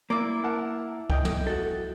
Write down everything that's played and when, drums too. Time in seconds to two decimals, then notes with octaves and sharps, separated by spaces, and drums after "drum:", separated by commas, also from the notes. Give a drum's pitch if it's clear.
0.10 A#3 E4 D5 D6
0.44 A#4 F#5 A5
1.10 D#5 G5, drum: kick
1.25 drum: tom
1.47 F#4 A4